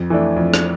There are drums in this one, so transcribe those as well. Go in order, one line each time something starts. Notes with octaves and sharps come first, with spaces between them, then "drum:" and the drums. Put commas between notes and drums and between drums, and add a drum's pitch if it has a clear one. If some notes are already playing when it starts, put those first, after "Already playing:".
Already playing: F2
E3 A3 D4
F2
drum: rim click